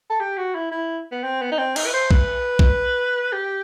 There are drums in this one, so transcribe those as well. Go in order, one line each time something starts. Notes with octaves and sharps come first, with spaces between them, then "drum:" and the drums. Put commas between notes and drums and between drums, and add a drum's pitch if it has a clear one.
A4
G4
F#4
E4
E4
B3
C4
B3
D#4
C4
D#4, drum: cymbal
B4
C5
B4, drum: kick B1
drum: kick B1
G4